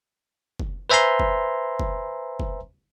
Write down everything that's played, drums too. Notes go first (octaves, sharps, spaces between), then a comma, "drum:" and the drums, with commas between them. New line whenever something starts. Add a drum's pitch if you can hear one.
drum: kick
B4 C5 E5 G#5 A#5 C6
drum: kick
drum: kick
drum: kick